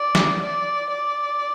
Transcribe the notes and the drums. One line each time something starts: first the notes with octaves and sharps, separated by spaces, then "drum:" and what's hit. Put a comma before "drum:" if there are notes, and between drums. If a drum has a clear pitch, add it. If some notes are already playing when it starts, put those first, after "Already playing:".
Already playing: D5
drum: snare
D5
D5